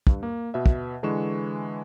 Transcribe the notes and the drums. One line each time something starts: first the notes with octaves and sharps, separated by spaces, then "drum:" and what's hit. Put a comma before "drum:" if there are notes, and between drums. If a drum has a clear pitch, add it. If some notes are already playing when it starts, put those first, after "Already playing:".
G2, drum: kick
A#3
B2 B4 E5
drum: kick
D3 E3 G#3 B4 C#6 E7